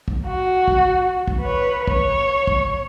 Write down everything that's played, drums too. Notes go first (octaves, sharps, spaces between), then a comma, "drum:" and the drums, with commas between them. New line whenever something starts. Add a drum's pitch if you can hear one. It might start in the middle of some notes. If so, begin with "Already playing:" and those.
drum: kick
F#4
drum: kick
drum: kick
B4 C#5
C#5, drum: kick
drum: kick